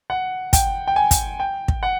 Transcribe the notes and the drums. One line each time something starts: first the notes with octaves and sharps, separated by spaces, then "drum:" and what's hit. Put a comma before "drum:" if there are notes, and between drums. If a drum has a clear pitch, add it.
F#5
G5, drum: kick, hi-hat
G5
G#5
drum: kick, hi-hat
G5
drum: kick
F#5